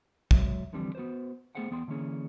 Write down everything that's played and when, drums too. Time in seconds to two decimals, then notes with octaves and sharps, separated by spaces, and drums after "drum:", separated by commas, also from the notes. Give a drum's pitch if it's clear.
0.31 F#3 G#3 F#4 C#5 E5, drum: kick
0.73 D3 E3 F3 G3 C4
0.95 B3 F#4 B4 C5
1.55 A3 B3 G#4 C5 F#5 G5
1.71 E2 B3 G5 C6
1.88 D3 E3 A#3 C#4 G#4